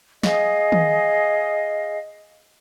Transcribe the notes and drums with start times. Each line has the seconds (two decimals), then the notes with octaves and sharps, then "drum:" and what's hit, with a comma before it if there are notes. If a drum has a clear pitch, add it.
0.23 G#4 D#5 F5, drum: snare
0.72 drum: tom D#3